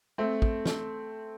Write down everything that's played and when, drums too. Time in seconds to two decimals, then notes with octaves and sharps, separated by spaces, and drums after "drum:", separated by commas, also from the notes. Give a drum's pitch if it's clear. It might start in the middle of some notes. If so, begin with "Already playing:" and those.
0.18 A3 C4
0.42 drum: kick
0.66 drum: snare